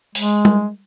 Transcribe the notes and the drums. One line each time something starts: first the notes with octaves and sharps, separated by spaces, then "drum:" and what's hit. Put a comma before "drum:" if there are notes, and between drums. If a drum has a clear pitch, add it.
G#3, drum: open hi-hat
drum: tom G3